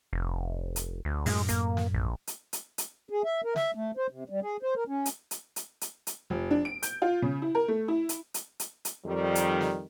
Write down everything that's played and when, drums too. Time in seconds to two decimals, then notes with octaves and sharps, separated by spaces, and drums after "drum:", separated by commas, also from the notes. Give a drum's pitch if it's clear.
0.13 F1
0.76 drum: hi-hat
1.05 D2
1.26 F#2 A2 G#3, drum: open hi-hat
1.49 A#3, drum: kick, hi-hat
1.77 drum: snare
1.94 A#1
2.27 drum: hi-hat
2.53 drum: hi-hat
2.78 drum: hi-hat
3.10 G#4
3.24 E5
3.44 A#4
3.56 E5, drum: snare
3.75 A3
3.97 C5
4.10 C3
4.30 G3
4.42 G#4
4.63 C5
4.75 A#4
4.88 C#4
5.06 drum: hi-hat
5.31 drum: hi-hat
5.56 drum: hi-hat
5.81 drum: hi-hat
6.07 drum: hi-hat
6.30 F1
6.51 D4
6.65 D7
6.83 G6, drum: hi-hat
7.02 F4
7.22 C#3
7.42 E4
7.55 A#4
7.68 A3
7.88 E4
8.09 drum: hi-hat
8.34 drum: hi-hat
8.60 drum: hi-hat
8.85 drum: hi-hat
9.05 F2 D#3 G3
9.35 drum: hi-hat
9.61 drum: snare